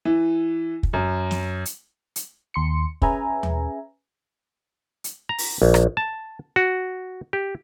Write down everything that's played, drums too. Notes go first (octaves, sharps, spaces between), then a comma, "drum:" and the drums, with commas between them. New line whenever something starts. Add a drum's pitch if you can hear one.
E3
drum: kick
F#2
drum: snare
drum: hi-hat
drum: hi-hat
D#2 C6 C#7
C#4 G#4 B4 E5 G#5 A#5, drum: kick
drum: tom D#2
drum: hi-hat
A#5
drum: open hi-hat
A#1
drum: rim click
A5
F#4
G4